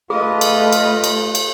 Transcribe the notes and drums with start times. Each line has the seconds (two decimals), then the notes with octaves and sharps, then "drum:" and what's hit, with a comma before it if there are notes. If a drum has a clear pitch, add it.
0.10 A3 F4 G#4 B4 D#5
0.41 drum: cymbal
0.72 drum: cymbal
1.04 drum: cymbal
1.35 drum: cymbal